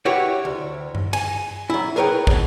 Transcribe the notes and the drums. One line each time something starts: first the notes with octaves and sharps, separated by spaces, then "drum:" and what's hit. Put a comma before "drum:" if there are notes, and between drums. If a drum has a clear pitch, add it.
E4 F#4 G4 B4 C#5
D2
drum: tom G2
G#5, drum: cymbal
F#3 E4
G#4 A#4 B4 C#5 G5
C2 B2, drum: kick